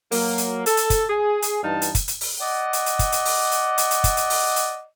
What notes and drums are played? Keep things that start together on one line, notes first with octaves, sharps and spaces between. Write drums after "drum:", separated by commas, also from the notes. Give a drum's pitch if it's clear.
F#3 A#3, drum: open hi-hat
drum: hi-hat
A4, drum: hi-hat
drum: hi-hat
drum: kick, hi-hat
G#4
drum: hi-hat
G2 E3 D#4 F5 A5
drum: hi-hat
drum: kick, hi-hat
drum: hi-hat
drum: open hi-hat
D5 D#5 F#5
drum: hi-hat
drum: hi-hat
drum: kick, hi-hat
drum: hi-hat
drum: open hi-hat
drum: hi-hat
drum: hi-hat
drum: hi-hat
drum: kick, hi-hat
drum: hi-hat
drum: open hi-hat
drum: hi-hat